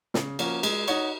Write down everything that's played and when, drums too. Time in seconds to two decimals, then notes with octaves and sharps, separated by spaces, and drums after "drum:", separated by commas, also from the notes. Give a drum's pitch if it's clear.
0.14 C#3, drum: snare
0.39 F3 A#3 C#4 F#4, drum: cymbal
0.63 G#3, drum: cymbal
0.88 D#4 F#4 C#5, drum: cymbal